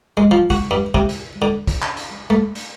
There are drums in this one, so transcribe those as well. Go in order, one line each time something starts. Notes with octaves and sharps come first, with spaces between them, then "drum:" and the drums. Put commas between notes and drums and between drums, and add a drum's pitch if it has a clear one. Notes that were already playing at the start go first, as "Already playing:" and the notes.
G#3
F3
F#4, drum: kick, hi-hat
G2
C3, drum: kick
drum: hi-hat
D3
drum: kick, hi-hat
drum: clap
drum: hi-hat
A3
drum: hi-hat